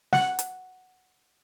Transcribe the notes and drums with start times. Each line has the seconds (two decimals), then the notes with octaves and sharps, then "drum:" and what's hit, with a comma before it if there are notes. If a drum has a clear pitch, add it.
0.13 F#5, drum: snare
0.39 drum: hi-hat